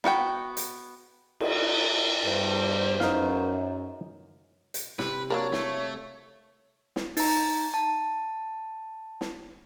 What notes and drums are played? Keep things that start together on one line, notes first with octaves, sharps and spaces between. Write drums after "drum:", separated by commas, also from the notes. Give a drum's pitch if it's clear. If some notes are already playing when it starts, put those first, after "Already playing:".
B3 F#4 F#5 G5, drum: snare
drum: hi-hat
drum: cymbal
E2 G2 C5
F#2 D#4 F5, drum: snare
drum: hi-hat
C3 B4, drum: snare
F#3 A#3 D4 A#4 C#5
A3, drum: snare
drum: snare
D#4 A#5, drum: open hi-hat
A5
drum: snare